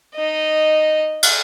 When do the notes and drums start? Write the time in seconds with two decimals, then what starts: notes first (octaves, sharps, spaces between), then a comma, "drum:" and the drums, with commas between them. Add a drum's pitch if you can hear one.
0.15 D#4 D#5
1.23 drum: cymbal